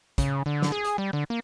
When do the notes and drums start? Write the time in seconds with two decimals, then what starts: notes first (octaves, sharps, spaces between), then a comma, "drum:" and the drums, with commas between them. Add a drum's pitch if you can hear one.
0.18 C#3, drum: kick, hi-hat
0.46 D3
0.62 drum: snare
0.72 G#4
0.85 drum: hi-hat
0.98 G3
1.13 D3
1.30 A#3